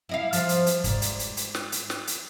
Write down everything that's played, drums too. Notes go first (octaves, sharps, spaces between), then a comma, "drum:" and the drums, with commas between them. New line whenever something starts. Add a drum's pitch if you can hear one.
E4 D#5 F5
F3 C4, drum: hi-hat
drum: hi-hat
drum: hi-hat
G#2 D5, drum: kick, hi-hat
drum: hi-hat
drum: hi-hat
drum: hi-hat
drum: snare
drum: hi-hat
drum: snare
drum: hi-hat